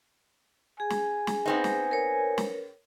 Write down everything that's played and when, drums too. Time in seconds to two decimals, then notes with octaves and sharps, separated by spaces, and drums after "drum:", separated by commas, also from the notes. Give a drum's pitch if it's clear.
0.80 G#4 G#5
0.90 drum: snare
1.27 drum: snare
1.46 B3 C4 D#4
1.64 drum: snare
1.91 A#4 B4 C#5
2.38 drum: snare